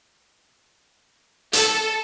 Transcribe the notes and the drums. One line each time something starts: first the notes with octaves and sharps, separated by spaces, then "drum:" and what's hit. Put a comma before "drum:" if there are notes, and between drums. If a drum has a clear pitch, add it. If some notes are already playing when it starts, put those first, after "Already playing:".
A4, drum: hi-hat